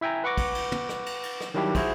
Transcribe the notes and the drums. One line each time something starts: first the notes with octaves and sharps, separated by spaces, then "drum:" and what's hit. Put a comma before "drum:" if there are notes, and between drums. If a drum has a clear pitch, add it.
E4 E5 G5 G#5 A#5
B4 F#5 C#6 D6 A#6
drum: kick, cymbal
drum: cymbal
drum: tom
drum: rim click
drum: cymbal
drum: cymbal
drum: rim click
D#3 F#3 G3 D4 E4 G4
E4 F#4 G#4 C5, drum: kick, cymbal